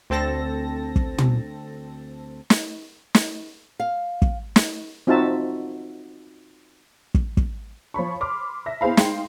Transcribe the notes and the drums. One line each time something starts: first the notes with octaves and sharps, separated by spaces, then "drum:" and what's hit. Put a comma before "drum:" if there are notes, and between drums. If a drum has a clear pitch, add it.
D2 C4 A4 A5 A#6
drum: kick
drum: tom
drum: snare
drum: snare
F5
drum: kick
drum: snare
C4 D#4 F4 F#4 E5 A5
drum: kick
drum: kick
F3 C#5 B5 C#6
B5 C6 D6 F6
E5 A#6
B3 E4 G#4 C5 F5 B5
G#3 D#4 F5 G5 C6 C7, drum: snare